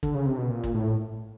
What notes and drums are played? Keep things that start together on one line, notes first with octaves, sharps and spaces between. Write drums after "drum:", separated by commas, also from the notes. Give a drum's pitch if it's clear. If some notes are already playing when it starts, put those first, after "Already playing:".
D3, drum: kick
C#3
C3
B2
A#2
drum: kick
A2